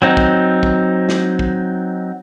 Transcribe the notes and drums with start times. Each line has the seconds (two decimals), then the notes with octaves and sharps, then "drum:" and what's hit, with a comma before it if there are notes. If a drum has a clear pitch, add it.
0.02 F#3 C4 D#4
0.17 drum: kick
0.63 drum: kick
1.09 drum: snare
1.39 drum: kick